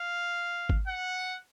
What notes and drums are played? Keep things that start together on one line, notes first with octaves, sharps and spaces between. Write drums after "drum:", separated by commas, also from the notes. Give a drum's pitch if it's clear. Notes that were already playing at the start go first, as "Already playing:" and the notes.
Already playing: F5
drum: kick G#1
F#5